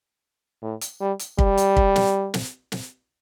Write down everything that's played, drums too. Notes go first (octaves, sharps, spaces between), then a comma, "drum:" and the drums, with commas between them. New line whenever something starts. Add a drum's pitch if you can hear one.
A2
drum: hi-hat
G3
drum: hi-hat
G3, drum: kick
drum: hi-hat
drum: kick
drum: snare
drum: snare
drum: snare